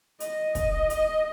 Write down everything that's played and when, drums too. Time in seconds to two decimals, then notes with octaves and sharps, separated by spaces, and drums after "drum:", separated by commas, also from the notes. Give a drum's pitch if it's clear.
0.20 D#5, drum: hi-hat
0.55 drum: kick, hi-hat
0.90 drum: hi-hat